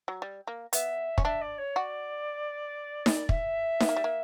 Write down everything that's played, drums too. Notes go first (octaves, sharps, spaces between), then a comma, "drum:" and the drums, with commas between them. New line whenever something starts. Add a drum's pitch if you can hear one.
F#3
G3
A#3
B3 E5, drum: hi-hat
C#4, drum: kick
D4 E5
D5
C#5
F#4 D5
drum: snare D#4
E5, drum: kick
B3, drum: snare D#4
A#3
G3
A#3